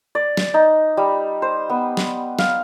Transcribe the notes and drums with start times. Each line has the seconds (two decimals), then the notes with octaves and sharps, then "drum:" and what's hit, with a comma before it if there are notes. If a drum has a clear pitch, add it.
0.15 D5
0.37 drum: snare
0.54 D#4
0.97 G3
1.42 C5
1.70 B3
1.97 drum: snare
2.39 F5, drum: snare